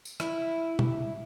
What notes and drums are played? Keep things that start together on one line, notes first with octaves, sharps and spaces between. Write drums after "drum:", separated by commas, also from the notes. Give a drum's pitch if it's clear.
drum: tambourine
E4, drum: rim click
drum: tom